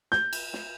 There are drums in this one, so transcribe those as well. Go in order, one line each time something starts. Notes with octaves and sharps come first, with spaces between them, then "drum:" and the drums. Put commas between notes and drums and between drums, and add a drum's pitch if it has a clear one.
G6, drum: snare
drum: cymbal
drum: snare